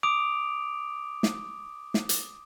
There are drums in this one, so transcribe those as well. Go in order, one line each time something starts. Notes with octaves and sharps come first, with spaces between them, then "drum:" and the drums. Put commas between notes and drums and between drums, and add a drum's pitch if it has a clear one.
D6 D#6 D7 F7
drum: snare
drum: snare
drum: hi-hat